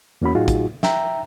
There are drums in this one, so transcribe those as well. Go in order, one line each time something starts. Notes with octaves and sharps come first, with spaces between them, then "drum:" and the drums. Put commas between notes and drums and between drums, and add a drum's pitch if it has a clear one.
E2 A#3 C#4 F#4 B5
A2 F#3 D#4 F4 F#4 G#4
drum: kick, hi-hat
E5 G5 A#5, drum: snare